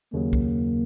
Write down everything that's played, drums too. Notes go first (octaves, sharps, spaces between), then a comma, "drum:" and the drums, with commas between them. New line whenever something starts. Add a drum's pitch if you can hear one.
D#2 C#3 F#3 A#3
drum: kick C2